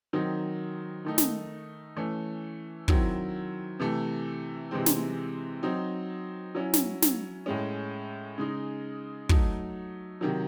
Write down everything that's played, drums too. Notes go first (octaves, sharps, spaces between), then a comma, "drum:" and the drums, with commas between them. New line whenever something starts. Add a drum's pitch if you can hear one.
D#3 F#3 C4 D#4
D#3 A3 D#4
drum: snare
E3 A3 C#4
D#3 F#3 C4 E4, drum: kick
C3 E3 A3
C3 E3 G#3 C4
drum: snare
F#3 C4 D#4
F#3 C#4 E4
drum: snare
drum: snare
A2 G#3 C#4
C#3 G#3 D#4
F#3 A3 D#4, drum: kick
C3 D#3 F#3